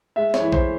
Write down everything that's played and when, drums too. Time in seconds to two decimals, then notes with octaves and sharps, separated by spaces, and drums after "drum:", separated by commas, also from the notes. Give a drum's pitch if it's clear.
0.16 G#3 E5
0.34 C#5, drum: snare
0.40 E3
0.52 C5, drum: kick A#1